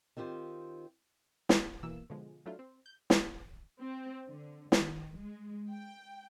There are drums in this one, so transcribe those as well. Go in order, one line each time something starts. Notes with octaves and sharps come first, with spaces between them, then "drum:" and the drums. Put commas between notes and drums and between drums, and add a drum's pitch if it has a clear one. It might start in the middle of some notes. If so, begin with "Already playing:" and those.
D#3 C4 F4 G4 C5
drum: snare
B2 E3 A#3 E6
B2 D3 F3 G#3
F#3 A3 D4 E4 F4
C4
G6
drum: snare
C4
D3
D#3, drum: snare
G#3
G5